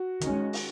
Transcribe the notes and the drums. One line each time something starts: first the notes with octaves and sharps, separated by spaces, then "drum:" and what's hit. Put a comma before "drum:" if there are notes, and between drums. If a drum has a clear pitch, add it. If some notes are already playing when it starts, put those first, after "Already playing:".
Already playing: F#4
D#3 G#3 C#4, drum: hi-hat
drum: open hi-hat